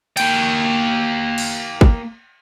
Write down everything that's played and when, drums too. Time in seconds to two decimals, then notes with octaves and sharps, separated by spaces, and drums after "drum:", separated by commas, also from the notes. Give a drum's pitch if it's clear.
0.17 A#3 G5, drum: cymbal
1.38 drum: cymbal
1.81 drum: kick